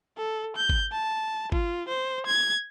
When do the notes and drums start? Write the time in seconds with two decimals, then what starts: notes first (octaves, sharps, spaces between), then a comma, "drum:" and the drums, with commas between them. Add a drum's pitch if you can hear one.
0.17 A4
0.56 G6
0.69 drum: kick
0.92 A5
1.52 F4, drum: kick
1.88 C5
2.27 G#6